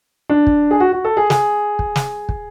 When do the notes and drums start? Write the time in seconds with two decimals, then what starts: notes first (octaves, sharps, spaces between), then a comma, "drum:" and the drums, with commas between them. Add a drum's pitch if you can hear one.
0.29 D4
0.47 drum: kick
0.71 G#4
0.80 F#4
0.92 F#4
1.05 A4
1.17 G#4
1.30 G#4, drum: snare
1.79 drum: kick
1.96 drum: snare
2.29 drum: kick